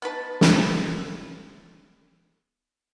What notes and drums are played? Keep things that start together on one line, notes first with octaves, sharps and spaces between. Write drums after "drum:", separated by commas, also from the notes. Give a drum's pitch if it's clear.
B3 D#4 B4 A5
drum: snare